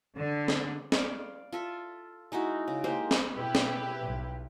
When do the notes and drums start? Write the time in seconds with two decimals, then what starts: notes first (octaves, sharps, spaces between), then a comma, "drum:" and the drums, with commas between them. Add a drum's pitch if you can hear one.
0.18 D3
0.48 drum: snare
0.92 D5 F5, drum: snare
1.52 F4 A4 E5
2.32 G#3 D#4 E4 F#4
2.68 C#3
2.84 G#3 A#3 G4 C5
3.11 drum: snare
3.35 B2 E4 G4 B4
3.55 drum: snare
4.01 B1